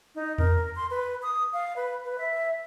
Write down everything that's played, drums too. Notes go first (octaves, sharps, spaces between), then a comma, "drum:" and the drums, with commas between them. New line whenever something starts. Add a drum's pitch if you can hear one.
D#4
A#4, drum: tom E2
C6
B4
D#6
F5
B4
B4
E5